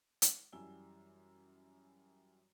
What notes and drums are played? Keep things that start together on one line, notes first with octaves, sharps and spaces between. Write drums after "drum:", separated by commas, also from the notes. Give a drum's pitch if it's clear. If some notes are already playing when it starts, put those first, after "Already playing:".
drum: hi-hat
F#2 E3 G3 G#5 E6 G7